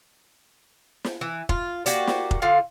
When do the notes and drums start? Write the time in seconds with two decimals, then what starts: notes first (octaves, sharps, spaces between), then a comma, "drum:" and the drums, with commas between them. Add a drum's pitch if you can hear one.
1.04 drum: snare
1.21 E3
1.49 F4, drum: kick F1
1.86 A#3 F#4 G4 D5, drum: hi-hat
2.07 drum: snare
2.31 drum: kick F1
2.42 D3 F4 F5